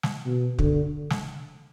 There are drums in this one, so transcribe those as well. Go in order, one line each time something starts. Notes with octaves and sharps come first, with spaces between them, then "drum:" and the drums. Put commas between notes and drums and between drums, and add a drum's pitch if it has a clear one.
drum: snare
B2
D3, drum: kick
drum: snare